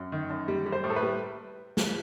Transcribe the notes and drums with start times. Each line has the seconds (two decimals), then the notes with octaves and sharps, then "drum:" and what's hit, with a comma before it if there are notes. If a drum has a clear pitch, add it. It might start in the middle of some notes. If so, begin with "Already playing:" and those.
Already playing: F#2
0.12 D#3
0.30 F#2
0.48 G3
0.66 G3
0.72 C5
0.84 A2
0.90 A4
0.96 B4
1.02 G3
1.77 drum: snare